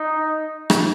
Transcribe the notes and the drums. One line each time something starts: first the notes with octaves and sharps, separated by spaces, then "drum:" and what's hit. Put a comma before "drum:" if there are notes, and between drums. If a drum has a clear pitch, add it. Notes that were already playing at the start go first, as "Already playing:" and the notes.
Already playing: D#4
drum: rim click